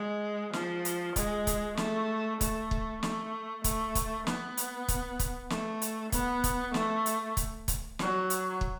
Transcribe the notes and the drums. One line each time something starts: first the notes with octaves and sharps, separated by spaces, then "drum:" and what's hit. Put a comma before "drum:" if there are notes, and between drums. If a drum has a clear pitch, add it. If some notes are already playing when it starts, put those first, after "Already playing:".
Already playing: G#3
F3, drum: snare
drum: hi-hat
G#3, drum: kick, hi-hat
drum: kick, hi-hat
A3, drum: snare
A3, drum: kick, hi-hat
drum: kick
A3, drum: snare
A3, drum: kick, hi-hat
drum: kick, hi-hat
B3, drum: snare
drum: hi-hat
drum: kick, hi-hat
drum: kick, hi-hat
A3, drum: snare
drum: hi-hat
B3, drum: kick, hi-hat
drum: kick, hi-hat
A3, drum: snare
drum: hi-hat
drum: kick, hi-hat
drum: kick, hi-hat
F#3, drum: snare
drum: hi-hat
drum: kick